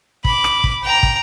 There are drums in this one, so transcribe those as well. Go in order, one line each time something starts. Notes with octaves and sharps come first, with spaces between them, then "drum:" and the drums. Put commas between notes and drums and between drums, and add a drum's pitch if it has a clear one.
B5 D6, drum: kick
drum: rim click
drum: kick
G5 A#5
drum: kick